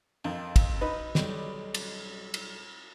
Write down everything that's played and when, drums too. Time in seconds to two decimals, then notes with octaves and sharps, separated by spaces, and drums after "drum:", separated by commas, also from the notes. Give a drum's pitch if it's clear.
0.25 F2 D#3
0.56 drum: kick, cymbal
0.81 D#4 B4
1.15 B1 G3, drum: snare
1.74 drum: cymbal
2.34 drum: cymbal